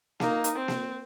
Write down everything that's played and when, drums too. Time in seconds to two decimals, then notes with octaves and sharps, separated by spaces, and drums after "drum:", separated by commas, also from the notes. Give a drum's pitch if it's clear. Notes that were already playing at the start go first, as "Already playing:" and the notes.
0.20 A#3 D#4, drum: snare A#3
0.44 drum: hi-hat
0.56 C4
0.68 drum: snare A#3